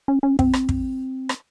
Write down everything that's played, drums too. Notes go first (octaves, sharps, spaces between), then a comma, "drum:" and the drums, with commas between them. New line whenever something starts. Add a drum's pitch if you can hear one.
C#4
C#4
C4, drum: kick
drum: rim click
drum: kick
drum: rim click